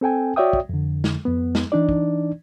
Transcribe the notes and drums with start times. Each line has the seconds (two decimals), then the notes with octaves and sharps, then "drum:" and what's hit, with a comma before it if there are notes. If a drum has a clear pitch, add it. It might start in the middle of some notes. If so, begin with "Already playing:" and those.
0.01 C4 A4 G5 G#5
0.36 F#4 C#5 D5 E5 G5 D#6
0.53 drum: kick
0.69 F2 D3
1.04 drum: snare
1.25 F2 B3
1.55 drum: snare
1.72 E3 D4 D#4 D5
1.89 drum: kick